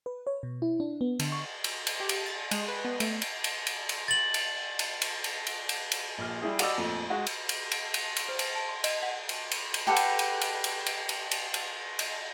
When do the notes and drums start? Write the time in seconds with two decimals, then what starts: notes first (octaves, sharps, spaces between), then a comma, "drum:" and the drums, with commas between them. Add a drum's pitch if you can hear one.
0.06 B4
0.27 C#5
0.43 B2
0.62 E4
0.80 D4
1.01 B3
1.20 D3, drum: cymbal
1.32 C#6
1.64 drum: cymbal
1.87 drum: cymbal
2.00 G4
2.09 drum: cymbal
2.26 A6
2.51 G#3, drum: cymbal
2.68 B4
2.85 B3
3.00 A3, drum: cymbal
3.22 drum: cymbal
3.44 drum: cymbal
3.67 drum: cymbal
3.89 drum: cymbal
4.08 A6 F#7
4.34 drum: cymbal
4.79 drum: cymbal
5.02 drum: cymbal
5.24 drum: cymbal
5.47 drum: cymbal
5.69 drum: cymbal
5.92 drum: cymbal
6.18 A#1 F6
6.41 G3 E4 G#4
6.59 F#4 G4 D5 D#5 B5 E6, drum: cymbal
6.77 F2 A#2 A3
7.10 G#3 F#4
7.27 drum: cymbal
7.49 drum: cymbal
7.72 drum: cymbal
7.94 drum: cymbal
8.17 drum: cymbal
8.29 C5
8.39 drum: cymbal
8.56 A5
8.69 C6
8.84 D#5, drum: cymbal
9.03 F#5
9.29 drum: cymbal
9.51 drum: cymbal
9.74 drum: cymbal
9.87 G4 A4 B4 F#5
9.96 drum: cymbal
10.19 drum: cymbal
10.41 drum: cymbal
10.64 drum: cymbal
10.86 drum: cymbal
11.09 drum: cymbal
11.31 drum: cymbal
11.54 drum: cymbal
11.99 drum: cymbal